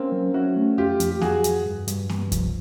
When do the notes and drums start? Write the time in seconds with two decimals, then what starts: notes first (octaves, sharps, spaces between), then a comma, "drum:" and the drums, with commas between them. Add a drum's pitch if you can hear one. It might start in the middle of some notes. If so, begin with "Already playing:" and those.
Already playing: A#3 C4 C#4
0.12 F#3
0.34 C#4 E4 F#4
0.56 A3
0.78 F2 F4 G4
1.00 F2, drum: hi-hat
1.11 G4
1.21 F2 F#4 G#4, drum: snare A#3
1.44 F2, drum: hi-hat
1.66 G2
1.88 G2, drum: hi-hat
2.09 G2, drum: snare A#3
2.32 F3, drum: kick C2, hi-hat